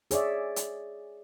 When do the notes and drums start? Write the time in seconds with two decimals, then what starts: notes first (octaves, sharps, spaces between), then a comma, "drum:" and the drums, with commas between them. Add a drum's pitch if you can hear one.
0.11 G#4 C#5 D5 E5, drum: hi-hat
0.56 drum: hi-hat